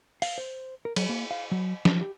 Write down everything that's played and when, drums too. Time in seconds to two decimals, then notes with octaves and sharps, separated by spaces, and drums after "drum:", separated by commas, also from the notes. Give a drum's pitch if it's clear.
0.22 F5, drum: open hi-hat
0.38 C5
0.85 A#4
0.96 F#3, drum: cymbal
1.09 A#3
1.31 F5
1.52 F#3
1.85 F3, drum: snare
2.01 G4